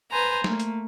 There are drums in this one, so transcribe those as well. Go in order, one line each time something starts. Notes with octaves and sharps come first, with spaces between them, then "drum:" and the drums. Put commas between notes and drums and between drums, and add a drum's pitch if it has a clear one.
B4 C5 G#5 A#5
A3 A#3, drum: snare
drum: hi-hat